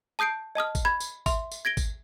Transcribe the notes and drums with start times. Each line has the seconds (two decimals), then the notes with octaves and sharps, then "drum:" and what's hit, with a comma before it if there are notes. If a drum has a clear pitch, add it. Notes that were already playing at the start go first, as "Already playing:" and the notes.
0.19 A5 D#6 G6 C7 D7
0.55 D#5 A5 D#6 F6
0.75 drum: kick G#1, tambourine
0.85 B5 G#6
1.00 drum: tambourine
1.26 E5 C6, drum: kick G#1, tambourine
1.52 drum: tambourine
1.65 G#6 A#6 D7 G7
1.77 drum: kick G#1, tambourine